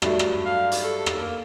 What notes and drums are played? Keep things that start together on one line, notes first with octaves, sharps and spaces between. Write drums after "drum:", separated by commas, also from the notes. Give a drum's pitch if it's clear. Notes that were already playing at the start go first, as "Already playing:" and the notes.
G2 F#3 A3, drum: rim click
drum: rim click
F5
drum: hi-hat
A4
drum: rim click
A#3